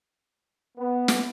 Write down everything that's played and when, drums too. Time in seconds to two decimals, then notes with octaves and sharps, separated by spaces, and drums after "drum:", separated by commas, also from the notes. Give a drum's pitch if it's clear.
0.78 B3
1.08 drum: snare